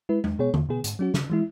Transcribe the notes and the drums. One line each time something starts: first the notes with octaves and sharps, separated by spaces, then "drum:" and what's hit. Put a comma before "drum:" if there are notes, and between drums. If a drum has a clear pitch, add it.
G#3 E4 B4
E2, drum: tom G#3
B2 B3 G#4 C#5
E2, drum: tom D3
B2 B3 G#4
G#2, drum: hi-hat
F#3 C#4 F#4
C#3, drum: snare
E3 G#3 E4